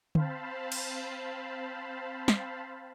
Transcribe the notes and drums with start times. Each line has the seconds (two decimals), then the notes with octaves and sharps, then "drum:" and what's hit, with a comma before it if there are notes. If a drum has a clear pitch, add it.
0.15 C4 C5 F5 A5 B5, drum: tom D3
0.72 drum: cymbal
2.28 drum: snare